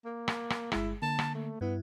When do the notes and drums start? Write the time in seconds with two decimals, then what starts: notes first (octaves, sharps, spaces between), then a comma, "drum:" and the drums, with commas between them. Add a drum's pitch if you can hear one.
0.05 A#3
0.28 drum: rim click
0.50 drum: rim click
0.72 G1 G#3 E4 G#4, drum: rim click
1.02 D3 A#3 A5
1.19 drum: rim click
1.34 A3
1.61 G2 B3 E4